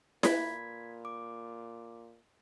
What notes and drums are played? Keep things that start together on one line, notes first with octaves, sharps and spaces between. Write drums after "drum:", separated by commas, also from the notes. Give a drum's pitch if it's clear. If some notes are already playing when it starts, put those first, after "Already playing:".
A#2 B4 B5 G#6 B6, drum: snare E4
D6